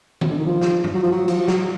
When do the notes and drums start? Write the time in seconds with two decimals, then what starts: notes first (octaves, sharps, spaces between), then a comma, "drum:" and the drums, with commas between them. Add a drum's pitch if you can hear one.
0.21 B2, drum: tom D#3
0.30 D3
0.38 D#3
0.46 F3
0.61 drum: snare
0.84 drum: tom
0.95 F#3
1.03 F3
1.11 F#3
1.28 F3, drum: cymbal
1.38 F3
1.48 F#3, drum: snare